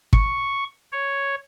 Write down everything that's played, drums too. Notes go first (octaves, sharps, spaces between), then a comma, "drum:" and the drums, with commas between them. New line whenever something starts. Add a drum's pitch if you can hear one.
C#6, drum: kick
C#5